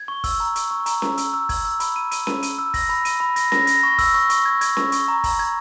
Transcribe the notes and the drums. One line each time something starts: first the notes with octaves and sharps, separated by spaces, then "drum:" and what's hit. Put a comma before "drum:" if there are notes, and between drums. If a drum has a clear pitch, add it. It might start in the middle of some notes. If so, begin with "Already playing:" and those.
Already playing: G#6
C#6
E6, drum: kick, open hi-hat
A#5
C#6, drum: hi-hat
C#6
A#5, drum: hi-hat
A#5, drum: snare C#4
E6, drum: hi-hat
E6
G#6, drum: kick, open hi-hat
E6
B5, drum: hi-hat
D#7
D#7, drum: hi-hat
D#7, drum: snare C#4
D#7, drum: hi-hat
E6
A#6, drum: kick, open hi-hat
B5
D#7, drum: hi-hat
B5
A#6, drum: hi-hat
A#6, drum: snare C#4
A#6, drum: hi-hat
C#6
E6, drum: kick, open hi-hat
C#6
C#6, drum: hi-hat
G#6
G#6, drum: hi-hat
C#6, drum: snare C#4
C#6, drum: hi-hat
A#5
A#5, drum: kick, open hi-hat
G#6